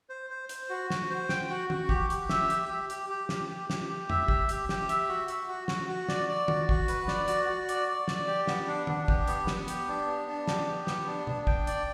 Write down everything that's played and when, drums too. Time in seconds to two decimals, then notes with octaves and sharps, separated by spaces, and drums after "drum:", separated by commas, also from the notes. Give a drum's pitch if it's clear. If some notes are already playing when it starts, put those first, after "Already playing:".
0.10 C5
0.30 C5
0.49 C5, drum: hi-hat
0.69 F#4
0.90 F#4, drum: snare
1.10 C5
1.29 G5, drum: snare
1.50 F#4
1.70 F#4, drum: tom E3
1.89 G4, drum: kick
2.10 G4, drum: hi-hat
2.29 E5, drum: snare
2.50 G4, drum: hi-hat
2.69 G4
2.90 G4, drum: hi-hat
3.10 G4
3.29 G4, drum: snare
3.49 G4
3.70 G4, drum: snare
3.89 G4
4.10 E5, drum: tom F2
4.28 G4, drum: kick
4.49 G4, drum: hi-hat
4.69 G4, drum: snare
4.89 E5, drum: hi-hat
5.09 F#4
5.28 F#4, drum: hi-hat
5.48 F#4
5.68 F#4, drum: snare
5.88 F#4
6.09 D5, drum: snare
6.29 D5
6.48 F#4, drum: tom
6.69 F#4, drum: kick
6.88 B4, drum: hi-hat
7.08 D5, drum: snare
7.28 F#4, drum: hi-hat
7.49 F#4
7.69 D5, drum: hi-hat
7.88 D5
8.08 D5, drum: snare
8.27 G4
8.47 B3, drum: snare
8.67 D4
8.87 D4, drum: tom
9.08 G4, drum: kick
9.28 B3, drum: hi-hat
9.47 B3, drum: snare
9.68 G4, drum: hi-hat
9.88 D4
10.07 B3
10.28 D4
10.48 G4, drum: snare
10.68 G4
10.87 B3, drum: snare
11.07 D4
11.27 D4, drum: tom B2
11.47 G5, drum: kick
11.67 D5, drum: hi-hat